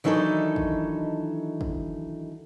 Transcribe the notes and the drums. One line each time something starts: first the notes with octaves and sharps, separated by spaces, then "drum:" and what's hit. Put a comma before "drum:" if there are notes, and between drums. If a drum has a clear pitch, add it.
D#3 E3 F#3 D4 D#4 A4
drum: kick
drum: kick